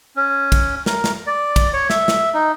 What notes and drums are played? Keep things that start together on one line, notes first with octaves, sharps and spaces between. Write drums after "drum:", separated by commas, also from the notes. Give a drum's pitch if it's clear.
C#4
drum: kick, cymbal
A#4, drum: snare
drum: snare
D5
drum: kick, cymbal
C#5
E5, drum: snare
drum: snare
D#4